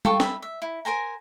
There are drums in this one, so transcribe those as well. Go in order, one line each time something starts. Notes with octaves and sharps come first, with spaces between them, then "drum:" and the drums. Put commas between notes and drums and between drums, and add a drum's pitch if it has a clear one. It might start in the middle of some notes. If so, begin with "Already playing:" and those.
F4 A4 G5 C#6, drum: tom G3
E5 B5, drum: snare
E5
E4
A#4 C5 G#5 A#5